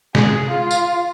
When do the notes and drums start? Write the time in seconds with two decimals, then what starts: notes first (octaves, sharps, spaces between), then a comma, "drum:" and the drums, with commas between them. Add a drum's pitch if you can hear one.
0.15 G#4, drum: snare
0.48 F4
0.71 drum: tambourine